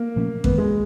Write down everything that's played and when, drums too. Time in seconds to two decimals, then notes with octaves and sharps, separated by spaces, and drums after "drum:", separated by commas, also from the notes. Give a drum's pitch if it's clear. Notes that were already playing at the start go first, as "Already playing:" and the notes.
Already playing: A#3
0.16 A#2 F3 A3 C#4
0.44 F#2 D#3 G#3 B3 C#4, drum: kick A1
0.58 G#3